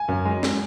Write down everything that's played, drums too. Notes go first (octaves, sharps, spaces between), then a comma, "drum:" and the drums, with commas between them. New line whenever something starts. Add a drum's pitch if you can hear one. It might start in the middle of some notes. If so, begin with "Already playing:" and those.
Already playing: G#5
F#2
G#3
drum: snare